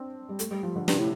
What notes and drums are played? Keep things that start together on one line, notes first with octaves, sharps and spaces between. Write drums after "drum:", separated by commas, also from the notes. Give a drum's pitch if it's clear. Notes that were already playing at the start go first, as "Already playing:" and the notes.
Already playing: C4 D4
G3
A3, drum: hi-hat
G3
F3
D3
G2 C3, drum: snare
A2